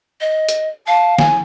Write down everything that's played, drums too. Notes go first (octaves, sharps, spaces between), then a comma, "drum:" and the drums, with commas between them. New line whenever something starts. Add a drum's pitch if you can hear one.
D#5
drum: hi-hat
F5 A5
G#5, drum: snare